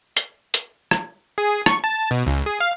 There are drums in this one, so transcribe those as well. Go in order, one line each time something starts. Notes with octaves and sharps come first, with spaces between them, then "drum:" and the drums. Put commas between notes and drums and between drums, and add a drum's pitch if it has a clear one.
drum: hi-hat
drum: hi-hat
drum: rim click
G#4
C#6, drum: rim click
A5
B2
C#2
G#4
F5